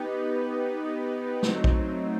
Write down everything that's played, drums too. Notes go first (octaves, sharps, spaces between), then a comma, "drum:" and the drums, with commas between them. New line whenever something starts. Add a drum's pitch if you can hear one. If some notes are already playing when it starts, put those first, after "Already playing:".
Already playing: B3 D#4 G4 B4
F#3 A3 C4 D#4, drum: snare
drum: kick A#1